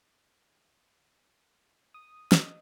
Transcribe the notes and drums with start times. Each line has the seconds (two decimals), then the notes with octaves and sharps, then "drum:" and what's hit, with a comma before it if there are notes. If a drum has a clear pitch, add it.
1.94 D#6
2.32 D#5, drum: snare